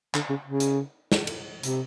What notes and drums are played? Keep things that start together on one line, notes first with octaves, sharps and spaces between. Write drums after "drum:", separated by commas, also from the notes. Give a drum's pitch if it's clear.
D3, drum: clap
C#3
C#3
drum: hi-hat
drum: snare
drum: cymbal
C3, drum: hi-hat